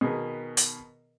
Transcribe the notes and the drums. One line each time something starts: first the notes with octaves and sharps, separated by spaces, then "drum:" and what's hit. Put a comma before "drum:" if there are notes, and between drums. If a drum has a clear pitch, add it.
B2 D#3 G#4 A#4 B4
drum: hi-hat